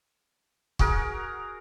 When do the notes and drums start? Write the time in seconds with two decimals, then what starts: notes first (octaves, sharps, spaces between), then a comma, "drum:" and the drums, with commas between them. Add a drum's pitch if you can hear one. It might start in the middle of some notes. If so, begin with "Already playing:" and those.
0.79 F#4 G#4 A#4, drum: kick